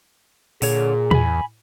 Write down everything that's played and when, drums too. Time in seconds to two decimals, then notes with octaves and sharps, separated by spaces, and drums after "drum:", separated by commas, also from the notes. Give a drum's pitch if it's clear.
0.62 A#2 D3 G#4 C#5, drum: open hi-hat
1.11 E2 G#5 B5, drum: tom